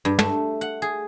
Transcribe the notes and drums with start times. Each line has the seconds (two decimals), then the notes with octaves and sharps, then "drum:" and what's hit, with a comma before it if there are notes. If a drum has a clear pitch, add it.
0.05 G2
0.19 A3, drum: tom
0.61 F#5
0.82 G#4